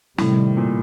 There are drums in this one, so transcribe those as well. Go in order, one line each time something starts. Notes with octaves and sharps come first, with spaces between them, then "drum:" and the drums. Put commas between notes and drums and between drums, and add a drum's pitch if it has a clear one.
A2 C3 D#3 G3, drum: snare
A#2